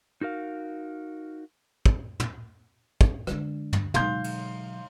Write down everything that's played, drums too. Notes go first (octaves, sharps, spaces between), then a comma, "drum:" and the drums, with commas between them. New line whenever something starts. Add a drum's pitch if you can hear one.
D#4 F#4 A#4 F5
drum: kick
drum: tom
drum: kick
D3 G#3 D4, drum: rim click
drum: tom
B2 F#3 G#3 D#4 F5 C6 G6, drum: tom
drum: cymbal